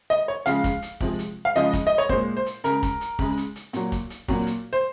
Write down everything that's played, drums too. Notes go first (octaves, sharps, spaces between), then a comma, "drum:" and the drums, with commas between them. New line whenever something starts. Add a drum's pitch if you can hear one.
D#5
C#5
C#3 F3 G#3 F5, drum: hi-hat
drum: kick, hi-hat
drum: hi-hat
C3 F3 G#3, drum: kick, open hi-hat
drum: hi-hat
F5
C#3 F3 G#3 D#5, drum: hi-hat
drum: kick, hi-hat
D#5
C#5
A#2 G#3 C5, drum: kick
C5
drum: hi-hat
C#3 G#3 A#4, drum: hi-hat
drum: kick, hi-hat
drum: hi-hat
C#3 G#3, drum: kick, open hi-hat
drum: hi-hat
drum: hi-hat
A#2 F#3, drum: hi-hat
drum: kick, hi-hat
drum: hi-hat
A#2 F#3, drum: kick, open hi-hat
drum: hi-hat
C5